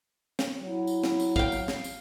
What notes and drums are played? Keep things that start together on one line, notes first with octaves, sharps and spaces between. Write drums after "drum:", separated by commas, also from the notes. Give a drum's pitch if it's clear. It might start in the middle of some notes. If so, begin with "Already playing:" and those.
drum: snare
F#3 E4
drum: tambourine
drum: snare
drum: tambourine
F5 G5, drum: kick
drum: tambourine
drum: snare
drum: tambourine